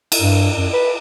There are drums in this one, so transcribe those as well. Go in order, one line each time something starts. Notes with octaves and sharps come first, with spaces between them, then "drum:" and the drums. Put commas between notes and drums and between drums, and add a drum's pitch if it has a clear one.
drum: cymbal
G2
F#2
B4